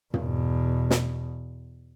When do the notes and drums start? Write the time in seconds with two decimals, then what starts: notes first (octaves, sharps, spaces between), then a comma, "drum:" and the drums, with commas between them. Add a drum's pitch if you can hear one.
0.14 E2 B2, drum: tom
0.90 drum: snare